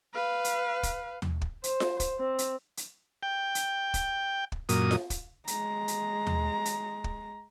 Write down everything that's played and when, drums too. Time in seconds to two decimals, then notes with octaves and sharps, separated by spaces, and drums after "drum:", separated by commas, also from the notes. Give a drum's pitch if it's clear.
0.14 B4 F5
0.44 drum: hi-hat
0.83 drum: kick, hi-hat
1.22 drum: tom D#2
1.41 drum: kick
1.64 C5, drum: hi-hat
1.80 drum: snare F4
2.00 drum: kick, hi-hat
2.19 C4
2.38 drum: hi-hat
2.77 drum: hi-hat
3.23 G5
3.55 drum: hi-hat
3.94 drum: kick, hi-hat
4.52 drum: kick
4.69 F#2 A#2 D#6, drum: hi-hat
4.91 drum: snare F4
5.10 drum: kick, hi-hat
5.47 G#3 A#5, drum: hi-hat
5.88 drum: hi-hat
6.27 drum: tom D#2
6.65 drum: hi-hat
7.04 drum: kick